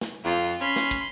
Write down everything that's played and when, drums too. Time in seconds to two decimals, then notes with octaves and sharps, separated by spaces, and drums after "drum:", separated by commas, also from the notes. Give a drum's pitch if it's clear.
0.01 drum: snare
0.25 F2 F4
0.61 C#4 B5 C6
0.76 drum: snare
0.91 drum: kick